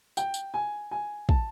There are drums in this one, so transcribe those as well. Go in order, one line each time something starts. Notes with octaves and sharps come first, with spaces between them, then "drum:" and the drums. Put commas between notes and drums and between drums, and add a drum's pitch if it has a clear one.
G5, drum: tambourine
drum: tambourine
G#5
G#5
A5, drum: kick